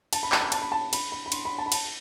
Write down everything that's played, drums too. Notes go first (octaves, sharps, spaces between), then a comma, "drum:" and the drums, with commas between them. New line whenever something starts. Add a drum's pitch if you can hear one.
A5, drum: cymbal
B5
A5, drum: clap
B5
A5, drum: cymbal
B5
A5
B5, drum: cymbal
B5
B5
C6, drum: cymbal
B5
A5
B5
A5, drum: cymbal